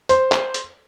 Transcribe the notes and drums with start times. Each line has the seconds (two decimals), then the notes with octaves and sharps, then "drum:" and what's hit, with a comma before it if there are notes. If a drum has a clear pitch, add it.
0.09 C5, drum: hi-hat
0.32 drum: clap
0.54 drum: hi-hat